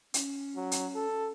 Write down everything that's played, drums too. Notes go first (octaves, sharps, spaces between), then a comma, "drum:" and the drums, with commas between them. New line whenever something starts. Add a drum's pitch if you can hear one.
C#4, drum: hi-hat
F#3
drum: hi-hat
A4